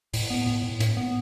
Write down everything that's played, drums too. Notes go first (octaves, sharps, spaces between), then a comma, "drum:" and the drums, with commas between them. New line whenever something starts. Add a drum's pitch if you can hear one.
A2, drum: open hi-hat
B3
A2
A2
A2, drum: hi-hat
B3